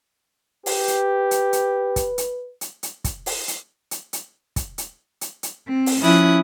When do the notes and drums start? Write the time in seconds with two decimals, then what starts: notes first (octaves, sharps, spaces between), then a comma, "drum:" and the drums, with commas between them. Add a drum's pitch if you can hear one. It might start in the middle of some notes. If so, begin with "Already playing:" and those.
0.66 G4 B4, drum: open hi-hat
0.88 drum: hi-hat
1.31 drum: hi-hat
1.53 drum: hi-hat
1.96 drum: kick, hi-hat
2.18 drum: hi-hat
2.61 drum: hi-hat
2.83 drum: hi-hat
3.04 drum: kick, hi-hat
3.26 drum: open hi-hat
3.48 drum: hi-hat
3.91 drum: hi-hat
4.13 drum: hi-hat
4.56 drum: kick, hi-hat
4.78 drum: hi-hat
5.21 drum: hi-hat
5.43 drum: hi-hat
5.68 C4
5.86 drum: open hi-hat
6.02 F3 C#4 E4 D#6 F#6